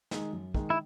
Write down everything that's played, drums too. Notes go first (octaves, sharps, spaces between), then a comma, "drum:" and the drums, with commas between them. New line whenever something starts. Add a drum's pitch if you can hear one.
D#3 G#3 D#4, drum: snare
F#2
D#3 G#3 D#4, drum: kick
E4